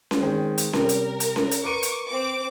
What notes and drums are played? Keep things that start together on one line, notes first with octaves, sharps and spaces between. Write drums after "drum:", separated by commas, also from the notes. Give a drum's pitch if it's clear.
drum: snare C#4
D#3 G#3 C4
drum: hi-hat
C3 G3 A#4, drum: snare C#4
drum: hi-hat
drum: hi-hat
drum: snare C#4
drum: hi-hat
A#4 B4 C#6 D6 D#7
drum: hi-hat
C4 D6